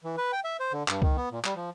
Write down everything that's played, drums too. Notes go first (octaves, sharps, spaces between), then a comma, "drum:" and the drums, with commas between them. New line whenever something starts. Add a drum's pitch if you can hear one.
E3
B4
G5
E5
C5
D3
G2, drum: clap
D#3, drum: kick C2
B3
A#2
G3, drum: clap
F3